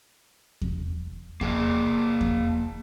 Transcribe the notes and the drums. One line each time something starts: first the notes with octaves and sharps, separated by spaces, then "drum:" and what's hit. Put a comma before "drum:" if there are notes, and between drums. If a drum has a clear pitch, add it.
drum: kick E2
A#3 G#4, drum: kick E2
drum: kick E2